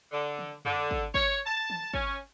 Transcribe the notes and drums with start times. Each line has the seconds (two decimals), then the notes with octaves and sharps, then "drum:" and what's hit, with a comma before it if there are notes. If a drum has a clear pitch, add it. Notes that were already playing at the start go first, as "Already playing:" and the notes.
0.12 D3
0.38 drum: tom D#3
0.65 D3, drum: tom
0.91 drum: kick
1.14 C#5, drum: kick
1.46 A5
1.70 drum: tom D#3
1.94 C#4, drum: kick